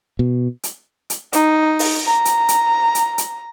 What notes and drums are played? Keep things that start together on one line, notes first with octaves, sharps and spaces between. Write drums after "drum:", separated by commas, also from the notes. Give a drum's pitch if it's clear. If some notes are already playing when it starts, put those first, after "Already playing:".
B2
drum: hi-hat
drum: hi-hat
D#4, drum: hi-hat
drum: open hi-hat
A#5
drum: hi-hat
drum: hi-hat
drum: hi-hat
drum: hi-hat